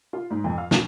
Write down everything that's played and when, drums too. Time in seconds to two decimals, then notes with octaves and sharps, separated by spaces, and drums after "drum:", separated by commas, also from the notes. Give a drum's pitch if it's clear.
0.13 F4
0.30 G#2
0.44 F2
0.58 F5
0.71 B1, drum: snare